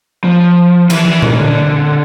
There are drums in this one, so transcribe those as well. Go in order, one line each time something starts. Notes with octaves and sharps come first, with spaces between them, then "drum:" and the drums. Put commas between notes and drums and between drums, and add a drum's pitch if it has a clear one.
F3
E3, drum: cymbal
E3
D#3, drum: tom A#2
D3